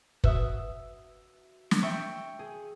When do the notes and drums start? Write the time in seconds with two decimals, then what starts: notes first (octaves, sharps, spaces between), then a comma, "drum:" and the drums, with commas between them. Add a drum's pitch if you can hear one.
0.24 F#4 B4 E5 D#6, drum: kick
1.71 drum: snare
1.82 E5 G5 C#6
2.39 G#4